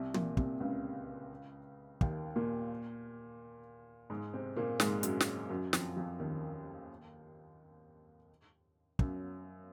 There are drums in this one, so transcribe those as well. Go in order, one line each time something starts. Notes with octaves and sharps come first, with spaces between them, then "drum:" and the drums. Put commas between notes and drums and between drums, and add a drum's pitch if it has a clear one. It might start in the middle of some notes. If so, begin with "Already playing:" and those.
Already playing: C2 C3
A#2, drum: tom
C2 C3, drum: kick
C#2 C#3
D#2 D#3, drum: kick
A#2 A#3
G#2 G#3
C3 C4
A#2 A#3
G#2 G#3, drum: snare
F#2 F#3, drum: hi-hat
drum: snare
F#2 F#3
F2 F3, drum: snare
F2 F3
D#2 D#3
F#2 F#3, drum: kick